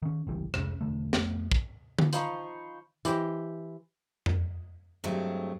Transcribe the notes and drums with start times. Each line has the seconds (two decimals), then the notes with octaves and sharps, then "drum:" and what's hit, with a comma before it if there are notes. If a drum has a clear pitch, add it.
0.02 D#3 C#4
0.27 G1 C#2 E3 G3
0.54 F1 C#2 C#3, drum: rim click
0.81 E1 D3 A3
1.13 F2 A3 B3, drum: snare
1.52 drum: kick
1.99 drum: tom D3
2.13 F3 D#4 F4 C5 B5 C#6, drum: hi-hat
3.05 E3 G4 C5 D#5, drum: hi-hat
4.26 drum: tom F2
5.04 G2 F#3 G#3 A3 C4